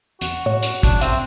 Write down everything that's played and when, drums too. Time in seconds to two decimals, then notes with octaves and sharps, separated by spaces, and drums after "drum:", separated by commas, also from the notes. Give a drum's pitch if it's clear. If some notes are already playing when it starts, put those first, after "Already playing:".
0.21 E2 F#4, drum: hi-hat
0.46 A2 C#5
0.63 drum: hi-hat
0.83 D4, drum: kick, hi-hat
1.01 C4 E5, drum: hi-hat